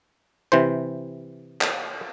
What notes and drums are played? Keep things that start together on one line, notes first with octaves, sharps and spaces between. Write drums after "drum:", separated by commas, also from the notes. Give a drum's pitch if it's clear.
C3 E3 C5
drum: clap